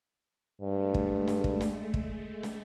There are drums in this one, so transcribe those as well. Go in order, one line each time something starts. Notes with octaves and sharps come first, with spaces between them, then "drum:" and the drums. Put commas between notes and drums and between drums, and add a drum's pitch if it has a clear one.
G2 G#3 A3
drum: kick
drum: snare
drum: kick
drum: snare
drum: kick
drum: snare